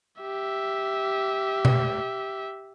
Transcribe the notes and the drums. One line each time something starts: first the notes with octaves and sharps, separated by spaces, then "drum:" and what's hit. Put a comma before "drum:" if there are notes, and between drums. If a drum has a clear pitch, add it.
G4 E5
drum: tom B2